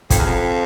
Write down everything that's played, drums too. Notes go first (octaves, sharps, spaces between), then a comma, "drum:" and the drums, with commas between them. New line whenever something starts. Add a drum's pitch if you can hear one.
F2, drum: kick, hi-hat
E2
F2